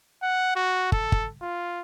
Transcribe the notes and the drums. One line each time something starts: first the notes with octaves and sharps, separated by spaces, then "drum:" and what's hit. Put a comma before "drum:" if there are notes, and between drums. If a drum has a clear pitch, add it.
F#5
F#4
A4, drum: kick
drum: kick
F4